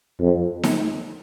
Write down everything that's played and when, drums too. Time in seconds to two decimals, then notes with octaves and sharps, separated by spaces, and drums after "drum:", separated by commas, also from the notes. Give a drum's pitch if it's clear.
0.19 F2
0.63 drum: snare D#4